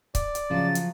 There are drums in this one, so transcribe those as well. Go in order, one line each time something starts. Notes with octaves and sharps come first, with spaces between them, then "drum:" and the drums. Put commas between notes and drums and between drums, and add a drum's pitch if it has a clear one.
D5, drum: kick C#1, hi-hat
drum: hi-hat
C#3 F3 F#3 A6
drum: hi-hat